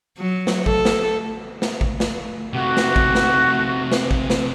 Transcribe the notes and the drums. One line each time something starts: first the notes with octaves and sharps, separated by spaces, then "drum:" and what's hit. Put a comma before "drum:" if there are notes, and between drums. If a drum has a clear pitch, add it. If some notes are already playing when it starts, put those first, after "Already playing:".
F#3
drum: snare
A4, drum: kick A1
drum: snare
drum: snare
drum: kick A1
drum: snare
C3 A3 F#4
drum: snare
drum: kick A1
drum: snare
drum: snare
drum: kick A1
drum: snare